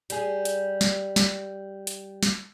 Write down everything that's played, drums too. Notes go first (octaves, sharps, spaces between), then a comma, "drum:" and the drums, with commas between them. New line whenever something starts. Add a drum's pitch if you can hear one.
G3 G#4, drum: hi-hat
drum: hi-hat
drum: snare
drum: snare
drum: hi-hat
drum: snare